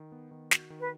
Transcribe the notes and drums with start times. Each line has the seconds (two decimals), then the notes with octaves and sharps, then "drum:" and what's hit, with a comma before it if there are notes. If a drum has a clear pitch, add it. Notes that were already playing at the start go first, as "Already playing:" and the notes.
Already playing: D#3
0.12 B3
0.31 D#3
0.51 F#4, drum: snare
0.70 D#3
0.80 B4